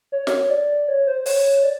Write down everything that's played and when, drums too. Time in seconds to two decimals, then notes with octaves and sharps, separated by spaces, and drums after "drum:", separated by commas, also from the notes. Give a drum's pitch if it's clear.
0.12 C#5
0.27 drum: snare
0.50 D5
0.88 C#5
1.07 C5
1.26 C#5, drum: open hi-hat
1.64 D5